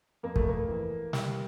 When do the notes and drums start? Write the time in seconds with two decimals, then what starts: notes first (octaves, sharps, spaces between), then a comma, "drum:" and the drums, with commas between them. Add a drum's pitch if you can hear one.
0.23 F2 A#3
0.36 A3, drum: kick
0.49 A#3
0.68 E3
1.13 G3, drum: snare